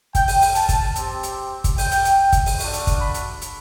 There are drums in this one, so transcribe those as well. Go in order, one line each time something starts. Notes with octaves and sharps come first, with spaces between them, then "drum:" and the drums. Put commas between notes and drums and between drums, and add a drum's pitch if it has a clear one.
G5, drum: kick, hi-hat
drum: open hi-hat
drum: open hi-hat
A5, drum: hi-hat
drum: kick, hi-hat
C4 G4, drum: hi-hat
drum: hi-hat
drum: kick, hi-hat
G5, drum: open hi-hat
drum: hi-hat
drum: hi-hat
drum: kick, hi-hat
drum: open hi-hat
A3 D4 F#4, drum: open hi-hat
drum: hi-hat
drum: kick, hi-hat
B5
drum: hi-hat
drum: hi-hat